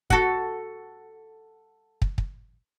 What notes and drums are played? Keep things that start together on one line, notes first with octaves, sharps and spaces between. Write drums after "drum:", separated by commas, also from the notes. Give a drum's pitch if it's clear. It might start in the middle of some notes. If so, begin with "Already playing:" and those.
F#4 A4, drum: kick
drum: kick
drum: kick